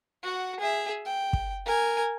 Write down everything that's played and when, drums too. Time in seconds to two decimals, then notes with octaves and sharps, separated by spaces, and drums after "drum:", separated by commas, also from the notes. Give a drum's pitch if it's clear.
0.23 F#4 F#5
0.60 G#4 E5
1.06 G5
1.33 drum: kick
1.66 A#4 G#5